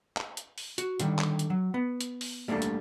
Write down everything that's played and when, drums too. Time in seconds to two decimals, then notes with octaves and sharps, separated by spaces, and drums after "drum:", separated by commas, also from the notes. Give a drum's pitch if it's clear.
0.17 drum: clap
0.37 drum: hi-hat
0.58 drum: open hi-hat
0.78 F#4, drum: hi-hat
1.00 D3 D#3 G3, drum: hi-hat
1.19 drum: clap
1.39 drum: hi-hat
1.50 F#3
1.74 B3
2.01 drum: hi-hat
2.21 drum: open hi-hat
2.48 G3 A3 A#3 D4 A4
2.62 drum: hi-hat